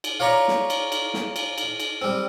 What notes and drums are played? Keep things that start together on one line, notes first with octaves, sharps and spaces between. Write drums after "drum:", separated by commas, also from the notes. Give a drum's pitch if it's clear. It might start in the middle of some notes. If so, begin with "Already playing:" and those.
drum: cymbal
F4 C#5 D5 A#5 B5 C#6
drum: snare
drum: cymbal
drum: cymbal
drum: snare
drum: cymbal
drum: cymbal
drum: cymbal
G3 C4